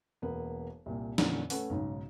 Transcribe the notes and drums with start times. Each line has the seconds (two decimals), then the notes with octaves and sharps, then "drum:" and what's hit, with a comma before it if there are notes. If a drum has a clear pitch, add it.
0.22 E1 A#3 B3 B4
0.86 C2 A#2
1.18 F2 A#2 D3 E3 C#4, drum: snare
1.50 A3 C#4 B4 F#5, drum: open hi-hat
1.70 B1 G#2 C#3